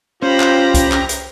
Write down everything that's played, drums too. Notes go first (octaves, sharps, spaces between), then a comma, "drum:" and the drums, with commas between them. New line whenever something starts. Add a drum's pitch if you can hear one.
C#4 F4 G4 C5 A#5 B5
drum: clap
drum: kick C2, hi-hat
drum: clap
drum: hi-hat